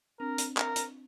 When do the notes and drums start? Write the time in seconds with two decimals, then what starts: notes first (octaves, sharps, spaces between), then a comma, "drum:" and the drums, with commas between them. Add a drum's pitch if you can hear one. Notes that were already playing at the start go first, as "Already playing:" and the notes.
0.19 C4 D4 A#4
0.38 drum: hi-hat
0.57 A#4, drum: clap
0.76 drum: hi-hat